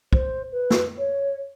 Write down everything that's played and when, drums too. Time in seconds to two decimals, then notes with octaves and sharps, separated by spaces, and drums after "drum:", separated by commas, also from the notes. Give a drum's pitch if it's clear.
0.13 C5, drum: kick
0.52 B4
0.70 drum: snare
0.98 C#5